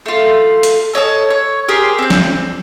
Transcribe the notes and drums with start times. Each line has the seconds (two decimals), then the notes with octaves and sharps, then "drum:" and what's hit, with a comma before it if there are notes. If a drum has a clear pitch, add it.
0.06 A3 F4
0.63 drum: hi-hat
0.93 A4 C#5 D#5 A5
1.30 C#5
1.68 G4 G#4 A#4 C5
1.99 C4 G6
2.10 drum: snare